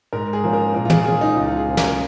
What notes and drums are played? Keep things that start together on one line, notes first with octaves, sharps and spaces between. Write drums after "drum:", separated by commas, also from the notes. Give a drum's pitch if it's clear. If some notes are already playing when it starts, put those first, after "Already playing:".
G#2 A#4
G#4
F3 A#3 C#4
A#4
A#2 A#4
F4
G#4, drum: tom
G#3 C#4 G#4
D#4
C#2 F4
F4
G#4
C#3 A#3 C#4
A#4, drum: snare
A#4